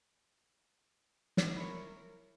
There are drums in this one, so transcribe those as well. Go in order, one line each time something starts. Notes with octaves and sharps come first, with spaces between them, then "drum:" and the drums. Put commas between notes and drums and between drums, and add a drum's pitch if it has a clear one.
drum: snare
E4 A#4 C#5